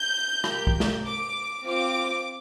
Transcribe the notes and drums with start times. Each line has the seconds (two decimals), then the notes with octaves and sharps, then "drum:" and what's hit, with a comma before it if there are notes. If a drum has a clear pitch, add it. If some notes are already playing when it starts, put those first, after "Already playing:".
Already playing: G6
0.44 A#3 G4, drum: rim click
0.67 drum: kick
0.80 drum: snare
1.04 D6
1.64 C4 F4 D6